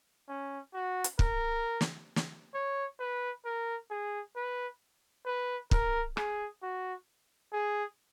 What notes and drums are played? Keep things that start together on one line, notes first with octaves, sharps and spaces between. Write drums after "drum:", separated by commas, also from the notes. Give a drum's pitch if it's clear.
C#4
F#4
drum: hi-hat
A#4, drum: kick
drum: snare
drum: snare
C#5
B4
A#4
G#4
B4
B4
A#4, drum: kick
G#4, drum: rim click
F#4
G#4